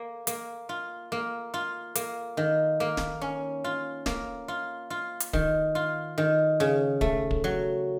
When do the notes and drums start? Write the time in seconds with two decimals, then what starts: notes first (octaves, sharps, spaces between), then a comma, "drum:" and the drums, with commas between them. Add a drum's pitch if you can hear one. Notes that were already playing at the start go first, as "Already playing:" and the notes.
Already playing: A#3
0.27 A#3, drum: hi-hat
0.69 F4
1.12 A#3
1.54 F4
1.95 A#3, drum: hi-hat
2.37 D#3
2.80 A#3
2.97 drum: snare
3.22 C#4
3.64 F4
4.06 A#3, drum: snare
4.48 F4
4.90 F4
5.20 drum: hi-hat
5.33 D#3, drum: kick
5.75 F4
6.18 D#3
6.60 C#3
7.01 A3, drum: kick
7.31 drum: kick
7.44 F#3